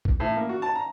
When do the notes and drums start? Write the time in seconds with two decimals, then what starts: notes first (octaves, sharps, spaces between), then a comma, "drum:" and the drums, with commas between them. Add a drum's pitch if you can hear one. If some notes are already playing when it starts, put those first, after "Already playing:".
0.05 drum: kick
0.20 A2
0.36 A#3
0.49 F#4
0.62 A5
0.75 A#5